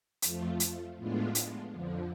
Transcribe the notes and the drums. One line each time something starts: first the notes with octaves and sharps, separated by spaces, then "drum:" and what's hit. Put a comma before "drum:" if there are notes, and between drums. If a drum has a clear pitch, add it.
F2 F3 A3 F4, drum: hi-hat
drum: hi-hat
A2 G#3 B3 D4 F4
drum: hi-hat
F2 D3 F3